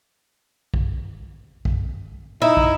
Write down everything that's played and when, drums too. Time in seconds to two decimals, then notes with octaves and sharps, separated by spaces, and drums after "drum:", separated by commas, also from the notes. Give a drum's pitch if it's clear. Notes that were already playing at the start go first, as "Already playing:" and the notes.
0.74 drum: kick
1.65 drum: kick
2.42 D#4 E4
2.57 drum: kick